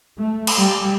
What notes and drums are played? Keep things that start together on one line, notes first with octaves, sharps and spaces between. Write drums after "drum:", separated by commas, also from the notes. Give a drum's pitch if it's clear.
A3
drum: cymbal
G3